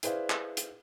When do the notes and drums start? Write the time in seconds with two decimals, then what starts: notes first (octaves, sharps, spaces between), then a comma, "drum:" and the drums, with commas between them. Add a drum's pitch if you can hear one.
0.03 E4 G#4 B4 C5 D5 F5, drum: hi-hat
0.30 drum: clap
0.57 drum: hi-hat